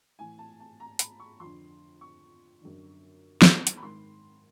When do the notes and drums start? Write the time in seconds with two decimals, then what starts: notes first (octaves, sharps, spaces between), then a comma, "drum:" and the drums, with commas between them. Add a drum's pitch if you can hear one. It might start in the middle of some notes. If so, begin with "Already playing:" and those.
0.19 A2 E3 G#5
0.38 A5
0.60 A5
0.80 A#5
0.99 B5, drum: hi-hat
1.20 C#6
1.40 F2 D3 C6
2.01 C#6
2.62 F#2 D3
3.42 drum: snare
3.67 drum: hi-hat
3.77 B5
3.83 G#2 D#3 C6